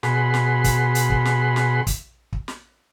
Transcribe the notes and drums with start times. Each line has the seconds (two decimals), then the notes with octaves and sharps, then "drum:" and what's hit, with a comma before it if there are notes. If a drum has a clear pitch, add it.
0.03 B2 G#4 F#5 B5 C6, drum: snare
0.34 drum: snare
0.64 drum: kick, hi-hat
0.95 drum: hi-hat
1.10 drum: kick
1.25 drum: snare
1.56 drum: snare
1.87 drum: kick, hi-hat
2.33 drum: kick
2.48 drum: snare